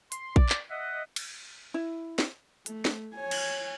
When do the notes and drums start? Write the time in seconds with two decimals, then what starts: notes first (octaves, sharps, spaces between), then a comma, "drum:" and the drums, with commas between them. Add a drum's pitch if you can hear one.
0.12 C6, drum: hi-hat
0.36 D5, drum: kick A#1
0.49 drum: clap
0.70 D#5 E5 F#5
1.16 drum: cymbal
1.74 E4
2.19 drum: snare
2.66 A3, drum: hi-hat
2.85 drum: snare
3.16 C#5 G#5
3.31 drum: cymbal